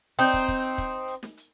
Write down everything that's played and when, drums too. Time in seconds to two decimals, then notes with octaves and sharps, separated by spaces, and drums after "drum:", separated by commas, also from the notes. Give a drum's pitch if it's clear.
0.19 C4 D#4, drum: open hi-hat
0.33 drum: kick, hi-hat
0.48 drum: kick, hi-hat
0.78 drum: kick, hi-hat
1.08 drum: hi-hat
1.23 drum: snare
1.37 drum: hi-hat